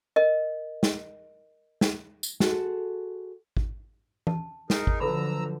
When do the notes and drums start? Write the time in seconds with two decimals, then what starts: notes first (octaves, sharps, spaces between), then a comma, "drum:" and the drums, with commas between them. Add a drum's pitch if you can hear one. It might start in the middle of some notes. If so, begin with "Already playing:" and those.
0.16 A#4 D#5
0.83 drum: snare
1.81 drum: snare
2.23 drum: tambourine
2.40 F#4 G#4 A4 C5, drum: snare
3.57 drum: kick G#1
4.27 A5, drum: tom E3
4.70 D#4 G#4 A#4, drum: snare
4.87 drum: kick G#1
5.00 D3 F3 F#3 A4 B4 A#5 B5 E6